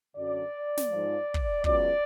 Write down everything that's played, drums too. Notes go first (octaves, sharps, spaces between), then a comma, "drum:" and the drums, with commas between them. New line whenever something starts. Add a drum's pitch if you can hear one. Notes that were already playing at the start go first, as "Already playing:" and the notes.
F#2 D3 F#3 D5
drum: snare
F3
G#2
drum: kick
C#2 B2 F#3 D5, drum: kick